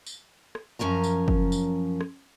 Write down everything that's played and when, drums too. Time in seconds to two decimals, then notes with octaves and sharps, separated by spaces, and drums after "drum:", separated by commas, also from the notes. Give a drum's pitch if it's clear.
0.06 drum: tambourine
0.55 drum: rim click
0.79 F#2 F3 C#4 A#4 A#5
1.04 drum: tambourine
1.28 drum: kick
1.52 drum: tambourine
2.01 drum: rim click